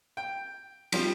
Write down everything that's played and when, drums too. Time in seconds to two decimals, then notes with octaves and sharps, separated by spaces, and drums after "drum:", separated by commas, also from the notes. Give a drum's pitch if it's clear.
0.17 G5
0.92 F3 G3 C4, drum: cymbal